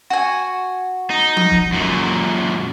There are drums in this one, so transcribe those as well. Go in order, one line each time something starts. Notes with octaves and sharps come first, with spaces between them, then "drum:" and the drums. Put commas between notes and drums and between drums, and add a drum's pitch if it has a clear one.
F#4 G#5
D#4
drum: tom F3
drum: kick
F#2 A#2